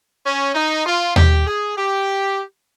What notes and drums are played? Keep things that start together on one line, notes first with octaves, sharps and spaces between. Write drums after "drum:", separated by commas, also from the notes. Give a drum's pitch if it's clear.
C#4
D#4
F4
G4, drum: tom D#2
G#4
G4